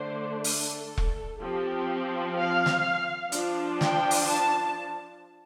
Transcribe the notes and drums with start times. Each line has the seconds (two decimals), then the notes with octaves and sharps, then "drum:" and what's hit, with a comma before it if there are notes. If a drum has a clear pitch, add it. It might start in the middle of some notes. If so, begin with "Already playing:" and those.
Already playing: D3 A3 D4 C5
0.44 A4, drum: open hi-hat
0.98 drum: kick E1
1.40 F3 C4 G4
2.36 F5
2.66 drum: snare
3.32 F3 D4, drum: hi-hat
3.81 G5, drum: snare
4.11 drum: open hi-hat
4.29 A5